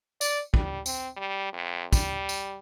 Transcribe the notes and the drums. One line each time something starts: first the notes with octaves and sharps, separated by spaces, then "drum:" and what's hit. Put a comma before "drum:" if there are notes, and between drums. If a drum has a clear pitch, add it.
D5, drum: tambourine
G3, drum: kick
C4, drum: tambourine
G3
F2
G3, drum: kick, tambourine
drum: tambourine